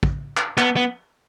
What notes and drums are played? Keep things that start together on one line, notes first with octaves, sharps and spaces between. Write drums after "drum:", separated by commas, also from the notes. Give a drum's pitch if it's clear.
drum: kick
drum: clap
B3, drum: clap
B3